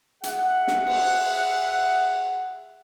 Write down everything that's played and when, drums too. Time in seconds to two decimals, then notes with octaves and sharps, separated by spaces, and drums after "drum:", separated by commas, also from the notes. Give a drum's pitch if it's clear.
0.23 G#4 E5 F#5, drum: hi-hat
0.68 drum: snare
0.87 drum: cymbal